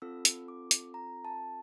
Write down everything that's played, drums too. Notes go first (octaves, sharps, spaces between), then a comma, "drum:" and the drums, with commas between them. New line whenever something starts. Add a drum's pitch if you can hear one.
C4 F4 A4 E6
drum: hi-hat
D6
drum: hi-hat
A#5
A5